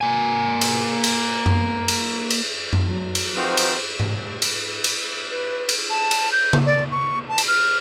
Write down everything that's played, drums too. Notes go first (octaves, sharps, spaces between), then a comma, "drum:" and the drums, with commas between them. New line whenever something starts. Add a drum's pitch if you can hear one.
A#3 G#5
drum: cymbal
drum: cymbal
drum: tom F#2
drum: cymbal
drum: cymbal
drum: tom F#2
F#3
drum: cymbal
D#3 F3 C4 D#4 F#4 G4 B4 C5
drum: cymbal
drum: tom G#2
drum: cymbal
drum: cymbal
B4
drum: cymbal
A5
drum: cymbal
G6
drum: tom C#3
D5
C#6
A5
drum: cymbal
F6